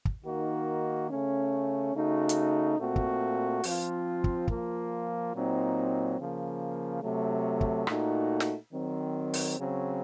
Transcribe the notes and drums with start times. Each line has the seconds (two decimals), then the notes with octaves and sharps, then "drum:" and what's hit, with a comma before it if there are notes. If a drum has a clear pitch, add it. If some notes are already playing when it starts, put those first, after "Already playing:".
0.05 drum: kick
0.24 D#3 A#3 D#4 F#4
1.09 C#3 A3 C#4
1.94 C#3 A3 D#4 F#4
2.29 drum: hi-hat
2.79 A#2 A3 C4 F#4
2.96 drum: kick
3.64 F3 C4 F4, drum: open hi-hat
4.24 drum: kick
4.48 F3 A#3 F4, drum: kick
5.33 A#2 F#3 C4 D#4
6.18 C#3 F3 A#3
7.02 C3 F#3 A3
7.61 drum: kick
7.87 A#2 A3 D#4 F#4, drum: rim click
8.40 drum: snare
8.72 D#3 F#3 C4
9.34 drum: open hi-hat
9.57 C#3 F#3 C4